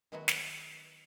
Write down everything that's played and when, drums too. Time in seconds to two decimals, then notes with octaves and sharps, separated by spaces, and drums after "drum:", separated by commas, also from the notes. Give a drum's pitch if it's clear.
0.12 D#3 F#3 G#3 B3 E4 F#4
0.28 drum: snare